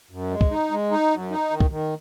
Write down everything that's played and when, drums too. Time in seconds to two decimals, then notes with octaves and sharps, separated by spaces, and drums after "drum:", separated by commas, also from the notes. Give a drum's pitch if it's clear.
0.11 F#2
0.31 G#3
0.41 drum: kick
0.51 D#4
0.71 G#3
0.91 D#4
1.11 F#2
1.30 D#4
1.51 D#3
1.60 drum: kick
1.70 D#3